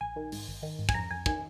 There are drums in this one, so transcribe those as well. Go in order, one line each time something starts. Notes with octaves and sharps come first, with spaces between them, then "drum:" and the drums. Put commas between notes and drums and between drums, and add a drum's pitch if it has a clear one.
A#1 G#5
D#3
G#2, drum: open hi-hat
G#1
D#3
G#2
G#5, drum: kick
F2 A#5
F2 G#5
D#3 G#5, drum: kick